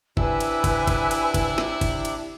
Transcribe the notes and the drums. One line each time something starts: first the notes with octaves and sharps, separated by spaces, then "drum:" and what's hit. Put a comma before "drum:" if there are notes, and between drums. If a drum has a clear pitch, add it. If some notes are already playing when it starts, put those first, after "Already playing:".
C3 D4 E4 G4 B4 G#5 E6, drum: kick
drum: cymbal
drum: kick, cymbal
drum: kick, cymbal
drum: cymbal
drum: kick, cymbal
drum: snare
drum: kick, cymbal
drum: cymbal